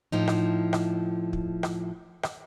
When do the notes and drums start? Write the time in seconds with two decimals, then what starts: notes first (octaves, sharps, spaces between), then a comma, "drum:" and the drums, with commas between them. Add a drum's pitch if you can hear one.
0.12 A2 F3 D#4
0.27 drum: rim click
0.73 drum: rim click
1.33 drum: kick
1.63 drum: rim click
2.23 drum: rim click